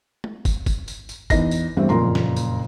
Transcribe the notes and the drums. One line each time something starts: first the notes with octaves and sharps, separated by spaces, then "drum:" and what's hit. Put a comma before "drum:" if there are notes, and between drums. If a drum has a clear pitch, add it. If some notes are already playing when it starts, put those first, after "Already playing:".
drum: tom
drum: kick, tambourine
drum: kick, tambourine
drum: tambourine
drum: tambourine
E2 D#4 D#5 A#6, drum: kick, tambourine
drum: tambourine
E2 G2 G3 A3 C4
F#1 F2 A#2 A#4 A#5 C6
drum: snare
drum: tambourine